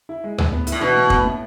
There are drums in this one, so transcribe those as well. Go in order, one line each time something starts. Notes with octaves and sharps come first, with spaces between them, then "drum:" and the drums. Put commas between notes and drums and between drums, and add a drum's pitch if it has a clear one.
E4
G#3
A2, drum: tom D2
B3
E4, drum: hi-hat
A2
B2 E3
A2
B3, drum: kick
A2